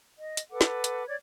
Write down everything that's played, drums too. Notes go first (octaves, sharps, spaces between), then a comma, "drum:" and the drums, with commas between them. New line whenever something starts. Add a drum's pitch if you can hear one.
D#5
drum: hi-hat
A4 B4 F#5 D6
drum: snare
drum: hi-hat
C#5 D5 D6 G#6